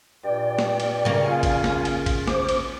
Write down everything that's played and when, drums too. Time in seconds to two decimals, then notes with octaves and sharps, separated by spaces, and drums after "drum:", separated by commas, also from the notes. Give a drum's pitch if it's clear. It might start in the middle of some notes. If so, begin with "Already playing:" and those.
0.23 G2 A#2 D5 G5
0.59 drum: snare
0.80 drum: cymbal
1.05 C#3 A#3
1.26 F4 F5 G#5
1.43 drum: kick A1, cymbal
1.64 drum: snare
1.85 drum: cymbal
2.06 drum: kick A1, cymbal
2.27 C5 D6, drum: snare
2.49 drum: cymbal